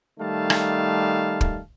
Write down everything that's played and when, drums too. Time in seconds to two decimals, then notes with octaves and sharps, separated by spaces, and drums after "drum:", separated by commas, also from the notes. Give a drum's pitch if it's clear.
0.20 D#3 G3 A3 D#4 F5 A5
0.50 drum: rim click
1.41 drum: kick